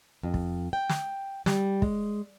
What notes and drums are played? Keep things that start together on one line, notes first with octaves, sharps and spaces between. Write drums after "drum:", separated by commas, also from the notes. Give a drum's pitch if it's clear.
F2
drum: kick
G5
drum: snare
G3, drum: snare
G#3, drum: kick